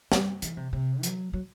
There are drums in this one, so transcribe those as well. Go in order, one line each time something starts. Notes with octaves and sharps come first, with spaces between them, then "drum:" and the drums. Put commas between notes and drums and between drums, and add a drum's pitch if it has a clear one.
G3, drum: snare
E3, drum: hi-hat
C3
C3
F#3, drum: hi-hat
F#3